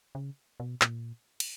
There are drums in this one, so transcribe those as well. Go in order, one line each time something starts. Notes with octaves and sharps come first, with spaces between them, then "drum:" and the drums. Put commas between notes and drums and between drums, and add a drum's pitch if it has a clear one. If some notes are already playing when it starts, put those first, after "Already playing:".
C#3
B2
A#2, drum: clap
drum: cymbal